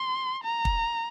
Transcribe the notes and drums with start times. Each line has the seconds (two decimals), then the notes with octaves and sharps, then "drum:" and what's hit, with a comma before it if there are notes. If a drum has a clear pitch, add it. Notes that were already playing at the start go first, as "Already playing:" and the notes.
Already playing: C6
0.44 A#5
0.65 drum: kick